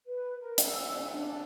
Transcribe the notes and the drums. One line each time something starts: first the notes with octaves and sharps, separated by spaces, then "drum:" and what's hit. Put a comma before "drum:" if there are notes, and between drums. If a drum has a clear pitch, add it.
B4
A#4
drum: hi-hat
E6
D4